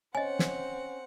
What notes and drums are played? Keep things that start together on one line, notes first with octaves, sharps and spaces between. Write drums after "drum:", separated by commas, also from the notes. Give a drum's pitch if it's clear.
C4 C#4 D#5 F#5 G#5
drum: snare